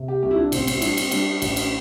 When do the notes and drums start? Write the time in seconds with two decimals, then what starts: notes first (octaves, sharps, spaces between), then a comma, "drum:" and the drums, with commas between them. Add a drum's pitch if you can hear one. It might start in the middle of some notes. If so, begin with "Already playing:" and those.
Already playing: C3
0.08 G4
0.22 C2 G4
0.31 E4
0.38 D4
0.52 A1 C4, drum: cymbal
0.67 C4, drum: cymbal
0.77 E4
0.82 G3 D4, drum: cymbal
0.97 C4, drum: cymbal
1.11 G3 D4, drum: cymbal
1.42 A1, drum: cymbal
1.56 drum: cymbal